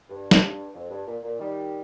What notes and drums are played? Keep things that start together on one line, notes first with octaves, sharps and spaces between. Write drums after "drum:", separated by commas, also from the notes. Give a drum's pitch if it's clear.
G2
drum: snare
G2
F2
G2
A#2
A#2
D#3 G3